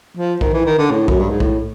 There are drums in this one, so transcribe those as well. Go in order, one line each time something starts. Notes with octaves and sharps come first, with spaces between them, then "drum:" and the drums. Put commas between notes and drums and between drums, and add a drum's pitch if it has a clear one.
F3
D#3, drum: kick B1
E3
D#3
D3
A2
F#2, drum: kick B1
G2
G#2
A2, drum: kick B1